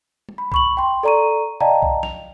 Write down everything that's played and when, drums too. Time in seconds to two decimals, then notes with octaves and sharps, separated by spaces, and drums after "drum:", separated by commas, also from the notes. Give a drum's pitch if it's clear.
0.29 drum: tom G3
0.38 B5
0.52 B5 C#6 F#7, drum: kick
0.77 G5 C6
1.03 A4 D5 A#5 C#6 D#7
1.61 D5 D#5 F5 G5 A5 A#5, drum: tom C3
1.82 drum: kick
2.03 F7, drum: snare